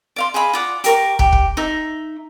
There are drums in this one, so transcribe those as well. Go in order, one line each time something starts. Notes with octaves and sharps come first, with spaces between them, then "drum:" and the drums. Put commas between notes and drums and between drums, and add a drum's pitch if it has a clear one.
D5 F5 C6
G#4 D#5 F5 B5
F4 D5 F#5
G4 A#4 C#6, drum: hi-hat
G4, drum: kick
drum: kick
D#4 E5